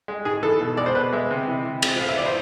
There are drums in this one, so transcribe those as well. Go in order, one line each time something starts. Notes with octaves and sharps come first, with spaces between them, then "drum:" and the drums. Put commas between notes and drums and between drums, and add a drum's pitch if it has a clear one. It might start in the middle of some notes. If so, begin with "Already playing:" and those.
G#3
G#2 G#4
E3 A4
B2
G#3 D5
C5
B2 B4
G#3 E5
C3
E3
C3
G#3, drum: cymbal
A2 F5
E5
E3 D5
C5